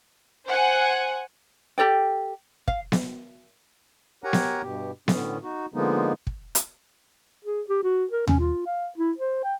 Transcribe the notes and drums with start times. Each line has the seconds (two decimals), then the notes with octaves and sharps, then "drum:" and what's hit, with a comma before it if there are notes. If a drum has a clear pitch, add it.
0.47 C5 F#5 G#5
1.78 G4 A4 D5 G5
2.68 F5, drum: kick
2.92 drum: snare B3
4.24 G4 A#4 C#5 F#5 G#5 A#5
4.33 drum: snare B3
4.62 G2 B2 G4
5.08 A2 D3 B3 C#4, drum: snare B3
5.43 D#4 F#4
5.74 D3 F3 G#3 A#3 B3 D#4
6.27 drum: kick
6.55 drum: hi-hat
7.45 G#4
7.70 G4
7.83 F#4
8.11 A#4
8.27 C#4, drum: tom D#2
8.40 F4
8.66 F5
8.98 E4
9.18 C5
9.44 G5